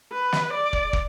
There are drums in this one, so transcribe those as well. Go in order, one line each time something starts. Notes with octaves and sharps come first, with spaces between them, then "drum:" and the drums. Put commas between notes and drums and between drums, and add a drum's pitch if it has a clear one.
B4
drum: snare
D5
drum: kick
drum: kick